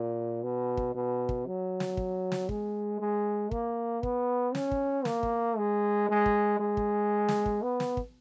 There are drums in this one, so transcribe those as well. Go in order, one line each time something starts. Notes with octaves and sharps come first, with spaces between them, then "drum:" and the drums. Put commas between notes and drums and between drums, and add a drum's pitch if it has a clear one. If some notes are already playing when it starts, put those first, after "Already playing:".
Already playing: A#2
B2
drum: kick
B2
drum: kick
F#3
drum: snare
drum: kick
drum: snare
G#3, drum: kick
G#3
A#3, drum: kick
B3, drum: kick
C#4, drum: snare
drum: kick
A#3, drum: snare
drum: kick
G#3
G#3
drum: kick
G#3
drum: kick
drum: snare
drum: kick
B3
drum: snare
drum: kick